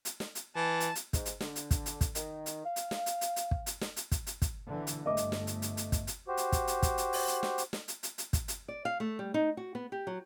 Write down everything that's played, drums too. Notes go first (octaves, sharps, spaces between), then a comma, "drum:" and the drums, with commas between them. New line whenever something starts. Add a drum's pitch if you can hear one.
drum: hi-hat
drum: snare
drum: hi-hat
E3 A5
drum: hi-hat
drum: hi-hat
G#2, drum: kick, hi-hat
drum: hi-hat
D3, drum: snare
drum: hi-hat
drum: kick, hi-hat
drum: hi-hat
drum: kick, hi-hat
D#3, drum: hi-hat
drum: hi-hat
F5
drum: hi-hat
drum: snare
drum: hi-hat
drum: hi-hat
drum: hi-hat
drum: kick
drum: hi-hat
drum: snare
drum: hi-hat
drum: kick, hi-hat
drum: hi-hat
drum: kick, hi-hat
D3 E3
drum: hi-hat
G1 A3 D#5 E5 D6
drum: hi-hat
drum: snare
drum: hi-hat
drum: hi-hat
drum: hi-hat
drum: kick, hi-hat
drum: hi-hat
F#4 G4 C5
drum: hi-hat
drum: kick, hi-hat
drum: hi-hat
drum: kick, hi-hat
drum: hi-hat
drum: open hi-hat
drum: hi-hat
drum: snare
drum: hi-hat
drum: snare
drum: hi-hat
drum: hi-hat
drum: hi-hat
drum: kick, hi-hat
drum: hi-hat
D5
F5
A3
G3
D#4
F#4
B3
G4
F#3